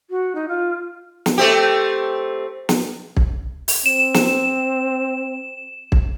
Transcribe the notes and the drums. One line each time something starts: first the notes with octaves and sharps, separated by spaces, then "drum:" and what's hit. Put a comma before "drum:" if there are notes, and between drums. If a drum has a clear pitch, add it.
F#4
D#4
F4
drum: snare
A3 C4 G4
drum: snare
drum: kick
drum: open hi-hat
C4 E7
drum: snare
drum: kick